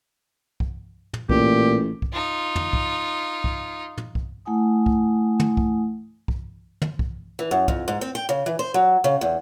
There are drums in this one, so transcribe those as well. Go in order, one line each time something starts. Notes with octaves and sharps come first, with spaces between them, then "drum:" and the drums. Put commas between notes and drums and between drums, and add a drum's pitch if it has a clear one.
drum: kick C2
drum: tom
A1 A#2 G4, drum: kick C2
drum: kick C2
D#4 F4
drum: tom
drum: kick C2
drum: kick C2
drum: tom
drum: kick C2
A3 E4 F#5 G#5 D#6
drum: kick C2
drum: tom
drum: kick C2
drum: kick C2
drum: tom
drum: kick C2
E3
F#2
F2, drum: kick C2
G#2
C4
G5
C#3
E3
C5
F#3
C#3
E2